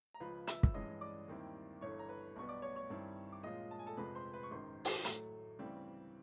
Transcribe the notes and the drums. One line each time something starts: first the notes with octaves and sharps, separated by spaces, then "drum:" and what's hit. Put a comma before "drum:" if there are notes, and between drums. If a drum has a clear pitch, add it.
A#5
C#2 C#3 F3 B4 B5
E5 E6, drum: hi-hat
E6, drum: kick
A1 G2 E3 G#3 C#4 D#5 D#6
D5 D6
D#2 D#3 G3 C4 E4
G1 G2 E3 A3 C#5 C#6
A#5
B4 B5
B1 B2 G3 B3 C#6
D5 D6
C#5 C#6
C#5 C#6
G2 D#3 G3 C4 E4
D6
A#2 F3 G#3 C#4 F4 D#5 D#6
A5
G#5
A4 A5
F2 C3 F3 G#3 B4 B5
C5 C6
B4 B5
C#6
G#1 F#2 D#3 C5 C6
drum: open hi-hat
A2 F#3 A3, drum: hi-hat
D2 C#3 E3 G3 C4